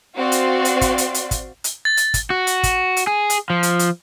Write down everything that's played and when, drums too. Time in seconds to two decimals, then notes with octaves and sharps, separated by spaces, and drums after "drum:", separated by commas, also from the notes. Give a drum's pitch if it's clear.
0.18 C4 F#4 D5 F5 C6
0.32 drum: hi-hat
0.65 drum: hi-hat
0.81 drum: kick, hi-hat
0.98 drum: hi-hat
1.14 drum: hi-hat
1.31 drum: kick, hi-hat
1.64 drum: hi-hat
1.85 A6
1.97 drum: hi-hat
2.14 drum: kick, hi-hat
2.30 F#4
2.47 drum: hi-hat
2.63 drum: kick, hi-hat
2.97 drum: hi-hat
3.07 G#4
3.30 drum: hi-hat
3.50 F3
3.63 drum: hi-hat
3.79 drum: hi-hat